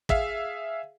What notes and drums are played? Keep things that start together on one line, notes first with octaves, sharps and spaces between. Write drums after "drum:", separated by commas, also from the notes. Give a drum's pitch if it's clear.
G#4 E5 F5, drum: kick